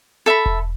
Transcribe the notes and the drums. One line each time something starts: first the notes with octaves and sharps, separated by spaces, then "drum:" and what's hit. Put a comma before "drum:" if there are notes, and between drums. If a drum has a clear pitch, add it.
A4 E5 B5
drum: kick E1